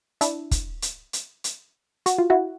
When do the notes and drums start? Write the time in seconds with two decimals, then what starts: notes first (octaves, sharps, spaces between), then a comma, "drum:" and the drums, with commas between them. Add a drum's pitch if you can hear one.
0.21 D4 E4, drum: hi-hat
0.51 drum: kick, hi-hat
0.82 drum: hi-hat
1.13 drum: hi-hat
1.44 drum: hi-hat
2.06 F#4, drum: hi-hat
2.18 F4
2.30 E4 F#4